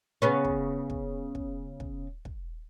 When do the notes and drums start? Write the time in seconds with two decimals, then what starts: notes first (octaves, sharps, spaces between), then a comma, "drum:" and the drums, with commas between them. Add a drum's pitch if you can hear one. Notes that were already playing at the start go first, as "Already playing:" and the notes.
0.22 C#3 B3 C#4
0.44 drum: kick
0.90 drum: kick
1.35 drum: kick
1.80 drum: kick
2.25 drum: kick